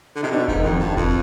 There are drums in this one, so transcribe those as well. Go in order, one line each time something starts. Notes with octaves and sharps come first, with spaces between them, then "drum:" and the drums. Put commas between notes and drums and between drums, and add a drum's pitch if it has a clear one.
D3
C3 D#4
B2 D4
G#2 D#4, drum: kick F1
D#3
F2 F3
G2 D#3
F2 F3, drum: kick F1